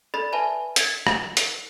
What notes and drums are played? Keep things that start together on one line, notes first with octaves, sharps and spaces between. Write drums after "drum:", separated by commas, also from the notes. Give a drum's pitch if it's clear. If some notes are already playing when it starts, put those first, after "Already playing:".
A4 D5 B5 A6
B4 E5 G#5 A5 B5
G#6 A6 B6 C#7, drum: hi-hat
drum: rim click
drum: hi-hat